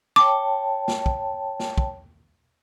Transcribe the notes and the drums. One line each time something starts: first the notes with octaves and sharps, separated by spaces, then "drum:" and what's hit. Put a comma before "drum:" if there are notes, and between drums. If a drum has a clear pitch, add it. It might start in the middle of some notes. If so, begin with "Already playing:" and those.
C#5 G5 A5 D6
drum: snare
drum: kick
drum: snare
drum: kick